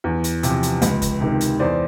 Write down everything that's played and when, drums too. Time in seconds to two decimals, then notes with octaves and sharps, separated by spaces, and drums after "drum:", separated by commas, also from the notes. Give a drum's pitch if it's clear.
0.04 E2
0.24 drum: hi-hat
0.43 C3 F3, drum: hi-hat
0.63 drum: hi-hat
0.82 C#2, drum: hi-hat
1.02 drum: kick, hi-hat
1.21 C3 D#3
1.41 drum: hi-hat
1.59 E2 C5 D5